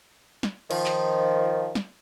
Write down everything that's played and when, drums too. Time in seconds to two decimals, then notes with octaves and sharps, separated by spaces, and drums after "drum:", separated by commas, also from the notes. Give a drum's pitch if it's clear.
0.43 drum: snare
0.71 D#3 F3, drum: cymbal
0.86 drum: clap
1.75 drum: snare